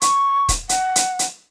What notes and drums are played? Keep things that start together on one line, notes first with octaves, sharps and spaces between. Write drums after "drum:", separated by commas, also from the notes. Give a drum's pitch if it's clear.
C#6, drum: hi-hat
drum: kick, hi-hat
F#5, drum: hi-hat
drum: hi-hat
drum: hi-hat